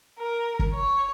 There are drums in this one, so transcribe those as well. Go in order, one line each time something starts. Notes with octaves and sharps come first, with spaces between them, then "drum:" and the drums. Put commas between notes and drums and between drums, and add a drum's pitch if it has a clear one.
A#4
drum: kick
C#5